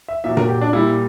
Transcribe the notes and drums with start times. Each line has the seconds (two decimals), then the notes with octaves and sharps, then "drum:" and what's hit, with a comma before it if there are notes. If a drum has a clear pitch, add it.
0.08 E5
0.24 A#2 F#3 E5
0.37 A#4, drum: tom A#2
0.49 G4
0.61 D4
0.73 A#2 G3 E4